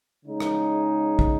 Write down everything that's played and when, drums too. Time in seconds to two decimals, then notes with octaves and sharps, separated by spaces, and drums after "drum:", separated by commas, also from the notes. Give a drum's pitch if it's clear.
0.25 C#3 G#3 D#4
0.40 drum: rim click
1.19 drum: kick